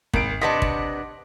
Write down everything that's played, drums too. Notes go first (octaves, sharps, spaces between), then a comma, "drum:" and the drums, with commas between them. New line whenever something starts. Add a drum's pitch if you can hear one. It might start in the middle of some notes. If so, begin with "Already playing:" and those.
G#1 D7, drum: kick
C3 B3 D4 D#5 B6
drum: kick